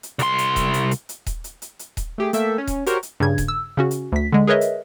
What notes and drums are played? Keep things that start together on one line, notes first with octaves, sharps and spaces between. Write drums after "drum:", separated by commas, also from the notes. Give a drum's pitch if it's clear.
drum: hi-hat
C2 C6, drum: hi-hat
drum: hi-hat
drum: kick D#1, hi-hat
drum: hi-hat
drum: hi-hat
drum: hi-hat
drum: kick D#1, hi-hat
drum: hi-hat
drum: hi-hat
drum: hi-hat
drum: kick D#1, hi-hat
A3 G4 G#4
A3 A#3 A4 E5 G5, drum: hi-hat
C#4
drum: kick D#1, hi-hat
F#4 G4 A#4 C5 C#5, drum: hi-hat
drum: hi-hat
G2 C#3 G#6
drum: kick D#1, hi-hat
E6
C#3 C#4 F#4
drum: hi-hat
D2 B6
D3 G#3
G#4 A#4 B4 C#5 D#5 E5
drum: hi-hat